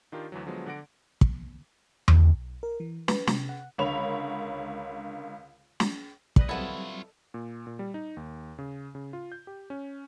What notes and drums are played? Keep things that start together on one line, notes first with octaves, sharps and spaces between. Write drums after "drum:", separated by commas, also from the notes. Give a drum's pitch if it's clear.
D#3 D4 F4 G4 A#4
D2 E3 F#3
D3 F3 F#3 G#3 B3
D3 D5 F#5 A#6 D7
drum: kick
B1, drum: tom E2
A#4
E3
B4, drum: snare
C3, drum: snare
F#5
C#2 D3 A#4 C#5 B5 F7
drum: snare
G3 B4 D#5, drum: kick
F#3 G3 B3 C4 E4 F4 A4 C#5
A#2
A#2
G3
D#4
D#2
C#3
C#3
F4
G6
G4
C#4